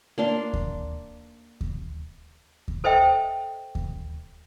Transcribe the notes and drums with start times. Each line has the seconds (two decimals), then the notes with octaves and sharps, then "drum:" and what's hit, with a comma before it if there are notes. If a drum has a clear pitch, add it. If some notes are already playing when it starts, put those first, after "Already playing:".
0.18 A#3 D4 C6
0.53 drum: kick D#2
1.61 drum: kick D#2
2.68 drum: kick D#2
2.84 A4 C5 D#5 E5 G5
3.75 drum: kick D#2